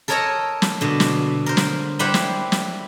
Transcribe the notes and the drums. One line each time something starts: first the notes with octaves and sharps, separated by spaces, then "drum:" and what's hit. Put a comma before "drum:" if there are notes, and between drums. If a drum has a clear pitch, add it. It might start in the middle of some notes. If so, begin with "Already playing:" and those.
A4 A#4 C#5 D#5 A5 A#5
drum: snare
B2 D3
drum: snare
A#4 C5
drum: snare
G3 E4 G4 B4 C5 F#5
drum: snare
drum: snare